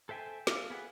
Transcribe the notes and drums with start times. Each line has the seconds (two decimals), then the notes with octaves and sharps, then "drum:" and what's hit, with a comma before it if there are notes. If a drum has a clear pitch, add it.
0.09 A4 C5 E5 G5 G#5
0.47 A4 E5 F5, drum: snare
0.70 B3 G#4 E5 F#5